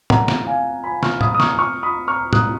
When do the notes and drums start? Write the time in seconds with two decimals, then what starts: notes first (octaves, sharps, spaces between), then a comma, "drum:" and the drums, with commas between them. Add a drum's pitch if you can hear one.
0.10 F#5 A#5, drum: tom A2
0.28 drum: snare
0.47 F5 G#5
0.84 G#5 B5
1.03 C#6 F6, drum: snare
1.21 B5 D#6, drum: tom A2
1.35 D#6
1.40 C#6 F6, drum: snare
1.58 C#6 F6
1.83 B5 D#6
2.08 C#6 F6
2.33 D#6 F#6, drum: tom A2